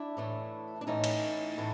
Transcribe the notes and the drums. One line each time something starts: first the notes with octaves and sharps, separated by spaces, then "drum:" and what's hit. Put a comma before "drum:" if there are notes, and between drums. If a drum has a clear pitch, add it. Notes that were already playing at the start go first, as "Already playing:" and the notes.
Already playing: D4 E4
A2 E3 A3
D4
A2 E3 A3 C#4 D#4
drum: cymbal
A2 E3 A3